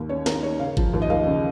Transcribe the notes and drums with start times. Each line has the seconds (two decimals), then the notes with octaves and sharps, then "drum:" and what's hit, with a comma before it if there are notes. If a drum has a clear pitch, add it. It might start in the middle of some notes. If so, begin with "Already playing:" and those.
Already playing: D#2 D#3 A#3
0.09 C#4 C#5
0.26 D#3 A#4, drum: snare
0.43 A#3 C#5
0.59 C#3 F5
0.77 F3, drum: kick G#1
0.93 D#2
1.02 D#5
1.10 D#2 F5
1.27 C#3